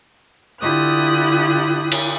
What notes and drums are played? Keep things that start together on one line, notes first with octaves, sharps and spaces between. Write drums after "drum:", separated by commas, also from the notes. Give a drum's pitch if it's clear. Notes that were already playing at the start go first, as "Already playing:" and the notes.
D3 E4 F4 G4 D#6 F#6
drum: cymbal